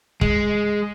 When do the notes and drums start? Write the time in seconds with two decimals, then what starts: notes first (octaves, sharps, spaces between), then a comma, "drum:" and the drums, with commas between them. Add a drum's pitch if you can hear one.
0.21 G#3, drum: kick